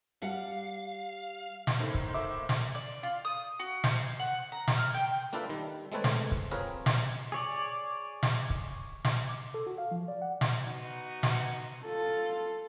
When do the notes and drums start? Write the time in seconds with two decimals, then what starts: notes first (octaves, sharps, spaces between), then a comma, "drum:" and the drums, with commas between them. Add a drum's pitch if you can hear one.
0.22 G3 F5 F#5
1.67 drum: snare
1.80 A2 A3 A#3 D#4 C5
1.94 drum: kick
2.14 E5 D6
2.49 drum: snare
2.75 D5
3.03 F4
3.25 D#6
3.59 F#4
3.84 C5, drum: snare
4.19 F#5
4.52 A#5
4.68 drum: snare
4.78 F6
4.94 G5
5.33 A#3 D4 F4 A4 B4 E5
5.49 D#3 G3
5.92 G#3 A3 C4 A4 B4 C#5
6.04 drum: snare
6.31 drum: kick
6.51 C4 F4 G#4 A#4 B4 C#5
6.86 drum: snare
7.32 G#4 C#5 D5
8.23 drum: snare
8.50 drum: kick
9.05 drum: snare
9.29 D6
9.54 A4
9.67 F#4
9.78 F5
9.91 F3
10.08 D5
10.22 F#5
10.41 drum: snare
10.64 B3 D#4 F#4
11.23 drum: snare
11.85 F4 A4